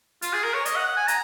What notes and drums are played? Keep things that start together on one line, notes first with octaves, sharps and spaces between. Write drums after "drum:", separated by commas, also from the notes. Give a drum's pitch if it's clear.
F4, drum: hi-hat
G#4
A#4
C#5
D#5, drum: hi-hat
F#5
F#5
G#5
A#5, drum: hi-hat